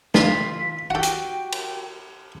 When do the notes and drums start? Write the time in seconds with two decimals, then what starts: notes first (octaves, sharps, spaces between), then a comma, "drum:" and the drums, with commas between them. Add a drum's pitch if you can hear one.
0.14 D4 F4 B6, drum: snare
0.90 F#4 G4 A4 F#5 G5
1.03 drum: hi-hat
1.52 drum: cymbal